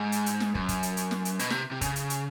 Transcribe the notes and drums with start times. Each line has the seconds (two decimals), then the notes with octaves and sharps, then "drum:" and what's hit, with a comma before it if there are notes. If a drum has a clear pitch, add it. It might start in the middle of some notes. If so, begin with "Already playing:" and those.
Already playing: G#2
0.12 drum: hi-hat
0.26 drum: hi-hat
0.40 drum: snare
0.55 F#2, drum: kick
0.69 drum: kick, hi-hat
0.83 drum: hi-hat
0.97 drum: hi-hat
1.11 drum: snare
1.25 drum: hi-hat
1.39 B2, drum: hi-hat
1.50 C3, drum: snare
1.71 C3
1.81 C#3, drum: kick, hi-hat
1.96 drum: hi-hat
2.10 drum: hi-hat